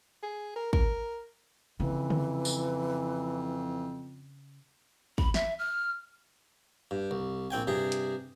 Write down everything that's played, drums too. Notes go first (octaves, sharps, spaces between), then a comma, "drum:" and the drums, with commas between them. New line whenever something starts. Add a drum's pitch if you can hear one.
G#4
A#4
A#4, drum: kick
F2 C#3 E3
drum: tom
drum: tambourine
B5, drum: kick
E5, drum: snare
F6
G2
C2
A#1 C4 G5 G#5
G2 C3 G#4
drum: hi-hat